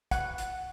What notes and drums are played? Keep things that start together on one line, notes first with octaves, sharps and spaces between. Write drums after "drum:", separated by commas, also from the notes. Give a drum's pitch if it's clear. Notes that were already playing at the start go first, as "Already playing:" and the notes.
F#5, drum: kick, hi-hat
drum: hi-hat